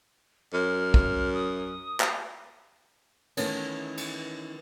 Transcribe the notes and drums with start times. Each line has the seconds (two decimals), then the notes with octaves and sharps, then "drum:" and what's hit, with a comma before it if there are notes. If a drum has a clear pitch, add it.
0.53 F#2 F6
0.94 drum: kick
1.34 D#6
2.00 drum: clap
3.37 D#3 E3 A3 B3 C#4, drum: cymbal
3.97 drum: cymbal